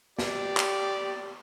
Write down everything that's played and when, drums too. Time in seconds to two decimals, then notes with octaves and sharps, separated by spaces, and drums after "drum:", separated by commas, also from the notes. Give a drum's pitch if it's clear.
0.19 G4 D5, drum: snare
0.57 drum: clap